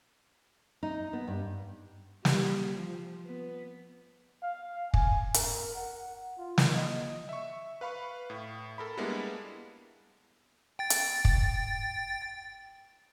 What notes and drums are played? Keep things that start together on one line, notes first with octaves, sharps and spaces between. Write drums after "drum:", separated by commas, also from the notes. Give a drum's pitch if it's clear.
D#4
B3
G2
G3, drum: snare
F3
B3
F5
G#5, drum: kick
A#4, drum: hi-hat
F#5
F4
drum: snare
D#5
E5 C#6
B4 F5 B5 C#6
A2
A4 A#4 B5
G3 G#3 A#3 B3 D4 E4
G5 A6
drum: hi-hat
drum: kick